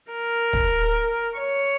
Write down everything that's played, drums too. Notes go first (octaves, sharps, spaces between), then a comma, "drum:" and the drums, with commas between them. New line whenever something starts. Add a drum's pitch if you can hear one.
A#4
drum: kick
C#5